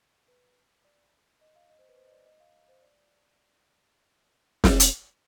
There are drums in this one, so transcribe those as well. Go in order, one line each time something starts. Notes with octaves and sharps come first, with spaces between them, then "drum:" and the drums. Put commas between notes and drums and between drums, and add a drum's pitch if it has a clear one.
B4
D5
D#5
F5
D#5
C5
B4
C5
D#5
D5
D#5
F5
C5
D5
drum: snare
drum: hi-hat